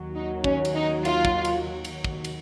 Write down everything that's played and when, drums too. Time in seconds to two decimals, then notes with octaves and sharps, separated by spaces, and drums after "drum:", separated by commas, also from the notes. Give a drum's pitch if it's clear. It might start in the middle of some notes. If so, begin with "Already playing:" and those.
Already playing: D#2 D#3 F#3
0.15 D#4
0.44 C#4, drum: kick
0.65 drum: cymbal
0.75 D#4
1.05 F4, drum: cymbal
1.25 drum: kick
1.45 drum: cymbal
1.85 drum: cymbal
2.04 drum: kick
2.24 drum: cymbal